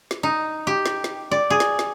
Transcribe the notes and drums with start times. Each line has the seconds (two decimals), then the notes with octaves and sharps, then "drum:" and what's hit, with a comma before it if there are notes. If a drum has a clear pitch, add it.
0.11 drum: snare
0.23 D#4
0.67 G4
0.86 drum: snare
1.04 drum: snare
1.31 D5
1.50 G#4
1.60 drum: snare
1.79 drum: snare